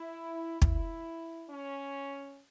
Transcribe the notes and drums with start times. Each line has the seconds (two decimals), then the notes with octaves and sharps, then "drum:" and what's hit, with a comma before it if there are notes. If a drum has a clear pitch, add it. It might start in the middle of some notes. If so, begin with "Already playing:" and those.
Already playing: E4
0.62 E4, drum: kick
1.48 C#4